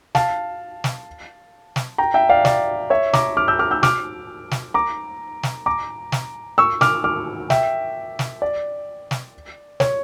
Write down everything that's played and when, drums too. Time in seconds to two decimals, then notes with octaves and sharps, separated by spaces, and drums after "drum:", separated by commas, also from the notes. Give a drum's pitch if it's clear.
0.15 F5 A5, drum: snare
0.84 drum: snare
1.76 drum: snare
1.98 G5 A#5
2.14 E5 G5
2.29 D5 F5
2.45 D5, drum: snare
2.90 C#5 E5
3.13 A#5 D6, drum: snare
3.37 D6 F6
3.48 E6 G6
3.59 D6 F6
3.71 E6 G6
3.83 D6 F6, drum: snare
4.51 drum: snare
4.74 A#5 D6
5.43 drum: snare
5.66 A#5 D6
6.12 drum: snare
6.58 C#6 E6
6.81 D6 F6, drum: snare
7.04 D6 F6
7.50 E5 G5, drum: snare
8.19 drum: snare
8.42 D5
9.11 drum: snare
9.80 C#5, drum: snare